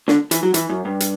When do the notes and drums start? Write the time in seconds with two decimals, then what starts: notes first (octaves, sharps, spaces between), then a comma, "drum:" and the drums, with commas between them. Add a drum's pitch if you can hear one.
0.08 D3, drum: snare
0.31 E3, drum: hi-hat
0.43 F#3
0.54 E3, drum: hi-hat
0.69 F#2
0.85 G2
1.00 drum: hi-hat